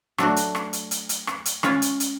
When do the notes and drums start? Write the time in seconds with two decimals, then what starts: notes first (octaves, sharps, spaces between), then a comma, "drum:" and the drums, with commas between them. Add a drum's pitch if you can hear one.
0.18 F#3 A3 D4 F#4, drum: rim click
0.36 drum: hi-hat
0.55 drum: rim click
0.73 drum: hi-hat
0.91 drum: hi-hat
1.09 drum: hi-hat
1.27 drum: rim click
1.45 drum: hi-hat
1.63 G#3 C#4 F4, drum: rim click
1.82 drum: hi-hat
2.00 drum: hi-hat